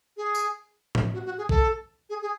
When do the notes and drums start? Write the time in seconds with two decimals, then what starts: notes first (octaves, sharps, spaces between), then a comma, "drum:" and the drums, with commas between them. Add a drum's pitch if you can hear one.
0.17 G#4
0.35 drum: tambourine
0.95 drum: tom A2
1.14 F#4
1.25 F#4
1.38 G#4
1.49 A4, drum: kick
2.10 G#4
2.22 G#4